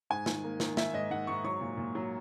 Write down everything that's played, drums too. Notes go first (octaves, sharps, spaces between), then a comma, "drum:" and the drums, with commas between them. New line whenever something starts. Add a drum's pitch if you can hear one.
G#2 G#5
D#3, drum: snare
A#3
D#3, drum: snare
D#3 E5, drum: snare
G#2 D#5
G#2 F#5
G#2 C#6
F#3 C#6
A#2
A#2
F#3